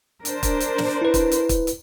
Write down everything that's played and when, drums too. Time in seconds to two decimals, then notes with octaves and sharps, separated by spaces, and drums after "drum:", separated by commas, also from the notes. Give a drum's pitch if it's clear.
0.25 D4 A#4 C5, drum: hi-hat
0.43 drum: kick, hi-hat
0.60 drum: hi-hat
0.78 drum: snare
1.02 E4 B4
1.14 drum: kick, hi-hat
1.32 drum: hi-hat
1.49 drum: kick, hi-hat
1.67 drum: hi-hat